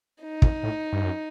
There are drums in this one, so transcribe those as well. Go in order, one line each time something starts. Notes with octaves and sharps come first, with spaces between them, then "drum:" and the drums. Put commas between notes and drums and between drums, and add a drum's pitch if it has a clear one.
D#4
F2, drum: kick
A2
G2
F#2